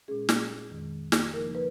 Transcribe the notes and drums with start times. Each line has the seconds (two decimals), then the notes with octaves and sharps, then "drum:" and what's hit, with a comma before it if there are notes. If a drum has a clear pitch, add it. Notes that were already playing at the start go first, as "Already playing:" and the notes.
0.08 A#2 G#3 C#4 G#4
0.29 drum: snare
0.70 F2 D#3 G#3
1.12 drum: snare
1.33 C#3 F3 A#3 D#4 A#4
1.55 B4